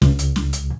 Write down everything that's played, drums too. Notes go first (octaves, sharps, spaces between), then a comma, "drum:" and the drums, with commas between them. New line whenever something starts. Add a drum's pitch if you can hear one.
C#2, drum: snare
drum: hi-hat
drum: snare
drum: hi-hat